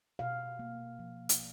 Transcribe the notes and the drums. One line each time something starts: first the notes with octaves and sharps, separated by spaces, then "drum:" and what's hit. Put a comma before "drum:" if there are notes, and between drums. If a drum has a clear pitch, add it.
B2 F5
A#3
F3
drum: hi-hat